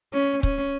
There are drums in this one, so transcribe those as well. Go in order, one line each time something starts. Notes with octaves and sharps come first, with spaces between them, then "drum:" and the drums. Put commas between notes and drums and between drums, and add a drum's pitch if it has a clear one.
C#4
C#4, drum: kick